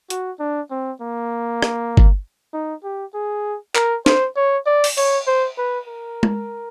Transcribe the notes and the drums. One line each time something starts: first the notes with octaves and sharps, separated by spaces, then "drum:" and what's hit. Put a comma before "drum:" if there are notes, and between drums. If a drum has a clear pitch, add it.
F#4, drum: hi-hat
D4
C4
A#3
drum: rim click
drum: kick G1
D#4
G4
G#4
A#4, drum: clap
C5, drum: snare
C#5
D5
drum: open hi-hat
C#5, drum: cymbal
C5
B4
A#4
drum: tom G#3